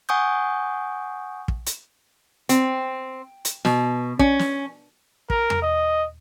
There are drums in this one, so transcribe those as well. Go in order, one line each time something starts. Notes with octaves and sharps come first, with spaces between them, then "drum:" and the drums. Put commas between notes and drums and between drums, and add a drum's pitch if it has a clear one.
F#5 G#5 C#6 D#6 G6
drum: kick
drum: hi-hat
C4, drum: hi-hat
drum: hi-hat
B2, drum: snare
C#4, drum: kick
drum: snare
A#4, drum: kick
drum: tom E2
D#5